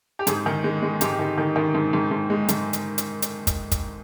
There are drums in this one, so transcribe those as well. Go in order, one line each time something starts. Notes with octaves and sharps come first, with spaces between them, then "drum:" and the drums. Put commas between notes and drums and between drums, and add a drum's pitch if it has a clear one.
G4
G#2 G#4, drum: hi-hat
D#3
G#3
G#3
G#2 G4, drum: hi-hat
D#3
D#3
D#3
G#2
G#2
G#2
G#3
G#2, drum: hi-hat
drum: hi-hat
drum: hi-hat
drum: hi-hat
drum: kick, hi-hat
drum: kick, hi-hat